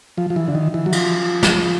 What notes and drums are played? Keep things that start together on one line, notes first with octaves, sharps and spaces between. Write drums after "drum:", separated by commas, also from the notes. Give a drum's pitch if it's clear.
F3
F3
E3
D3
D#3
E3
F#3
F3, drum: cymbal
drum: snare